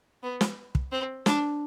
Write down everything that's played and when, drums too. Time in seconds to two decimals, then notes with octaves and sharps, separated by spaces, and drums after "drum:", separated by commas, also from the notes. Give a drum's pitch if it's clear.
0.23 B3
0.41 drum: snare
0.75 drum: kick
0.92 C4
1.26 D4, drum: snare